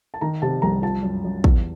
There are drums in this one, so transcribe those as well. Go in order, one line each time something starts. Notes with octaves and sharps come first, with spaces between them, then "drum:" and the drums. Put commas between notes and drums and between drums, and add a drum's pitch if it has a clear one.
A5
D#3 A#5
C3 A5
C2 A#5
F3 A5
F#2
F#2
E2, drum: kick